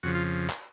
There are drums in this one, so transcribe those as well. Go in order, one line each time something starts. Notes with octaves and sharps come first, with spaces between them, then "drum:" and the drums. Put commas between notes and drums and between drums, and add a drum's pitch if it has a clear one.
F2 C#3 F3 F#4
F4
drum: clap